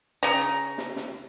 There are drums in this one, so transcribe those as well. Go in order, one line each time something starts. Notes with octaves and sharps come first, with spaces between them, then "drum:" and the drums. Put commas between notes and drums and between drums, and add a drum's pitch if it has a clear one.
C#3 A#5
drum: hi-hat
drum: snare
drum: snare